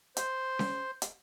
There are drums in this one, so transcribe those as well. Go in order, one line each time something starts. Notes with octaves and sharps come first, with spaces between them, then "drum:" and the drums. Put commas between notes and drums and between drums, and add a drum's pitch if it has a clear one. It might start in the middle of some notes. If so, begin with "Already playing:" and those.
C5, drum: hi-hat
drum: snare C#4
drum: hi-hat